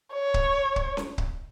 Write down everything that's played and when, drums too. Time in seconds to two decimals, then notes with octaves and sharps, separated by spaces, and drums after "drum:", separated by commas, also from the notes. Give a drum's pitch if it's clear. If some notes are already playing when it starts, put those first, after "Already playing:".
0.14 C#5
0.34 drum: kick C#1
0.76 drum: kick C#1
0.97 drum: snare C#4
1.18 drum: kick C#1